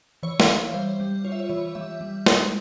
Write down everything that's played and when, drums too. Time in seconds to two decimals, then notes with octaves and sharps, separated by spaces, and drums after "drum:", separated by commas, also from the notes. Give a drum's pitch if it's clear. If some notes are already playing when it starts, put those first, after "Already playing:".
0.23 E3 C#5
0.40 F5, drum: snare
0.48 E3
0.57 E5
0.74 G3 C5
1.00 G3
1.24 F4 C#5
1.32 E5
1.39 C#5
1.49 E3 C#5
1.75 G3 E5
2.01 G3
2.26 G#3, drum: snare